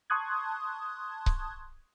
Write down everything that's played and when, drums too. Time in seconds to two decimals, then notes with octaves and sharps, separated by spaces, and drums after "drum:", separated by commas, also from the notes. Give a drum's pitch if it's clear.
0.10 A5 C6 C#6 D#6 F#6 G#6
1.26 drum: kick C#1